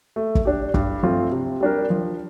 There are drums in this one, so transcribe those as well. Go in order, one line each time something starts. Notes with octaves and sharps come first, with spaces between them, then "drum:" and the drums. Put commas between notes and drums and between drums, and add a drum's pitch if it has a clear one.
A3
drum: kick
D4 G4
G2, drum: kick
F3 A3 C4 F4
C3
G3 D4 G4 A#4
F3